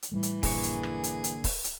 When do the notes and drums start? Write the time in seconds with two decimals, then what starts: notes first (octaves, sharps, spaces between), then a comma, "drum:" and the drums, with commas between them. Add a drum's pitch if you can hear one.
0.03 drum: hi-hat
0.12 A2 E3 G3 A3
0.23 drum: hi-hat
0.43 A#1 G2 D3 A#3 G#4 C#6, drum: kick, open hi-hat
0.63 drum: hi-hat
0.83 drum: rim click
1.04 drum: hi-hat
1.24 drum: hi-hat
1.44 drum: kick, open hi-hat
1.64 drum: hi-hat